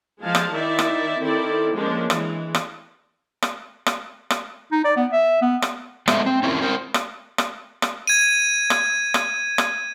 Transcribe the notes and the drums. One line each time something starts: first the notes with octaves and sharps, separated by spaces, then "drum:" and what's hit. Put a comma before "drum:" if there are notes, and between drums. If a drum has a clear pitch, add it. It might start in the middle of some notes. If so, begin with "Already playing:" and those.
F3 G#3 G#4 F5 A5
drum: rim click
D#3 D#4 E4 D5 E5
drum: rim click
D#3 C4 E4 A4 D5
F3 G#3 A#3 C#4 D4
E3 G#3, drum: rim click
drum: rim click
drum: rim click
drum: rim click
drum: rim click
D#4
D5
B3
E5
B3
drum: rim click
G#3 A3 B3 C5 E5, drum: rim click
C4
C4 C#4 E4 F4 A#4
C4 A#4 C5
drum: rim click
drum: rim click
drum: rim click
G#6 D#7
drum: rim click
drum: rim click
drum: rim click